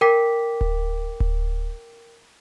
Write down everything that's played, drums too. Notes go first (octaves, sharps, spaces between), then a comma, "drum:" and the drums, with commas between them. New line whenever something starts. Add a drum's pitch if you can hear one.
A#4 G5 D6 B6
drum: kick D1
drum: kick D1